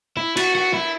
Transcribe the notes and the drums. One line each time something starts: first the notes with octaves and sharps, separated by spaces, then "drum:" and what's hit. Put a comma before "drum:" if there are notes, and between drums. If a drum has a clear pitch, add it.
E4
F#4, drum: cymbal
F#4
E4